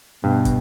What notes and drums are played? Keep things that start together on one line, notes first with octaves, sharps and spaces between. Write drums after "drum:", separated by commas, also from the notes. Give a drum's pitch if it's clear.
G2 B2
drum: kick, hi-hat